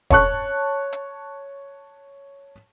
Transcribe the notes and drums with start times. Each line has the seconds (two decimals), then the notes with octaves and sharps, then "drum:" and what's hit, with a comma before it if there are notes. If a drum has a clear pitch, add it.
0.10 C#5 A5 C#6 F#6, drum: kick E1
0.93 drum: hi-hat